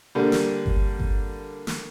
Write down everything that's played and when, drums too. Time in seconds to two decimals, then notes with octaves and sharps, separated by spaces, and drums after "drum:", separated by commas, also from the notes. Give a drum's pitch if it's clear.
0.15 D3 G3 A#3
0.32 drum: snare
0.66 drum: kick G1
1.00 drum: kick G1
1.67 drum: snare